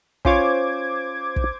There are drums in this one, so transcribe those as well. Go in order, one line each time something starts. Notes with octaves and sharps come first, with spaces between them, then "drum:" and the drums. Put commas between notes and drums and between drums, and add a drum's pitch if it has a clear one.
C#4 F4 C5 C#5 D6 G#6, drum: kick
drum: kick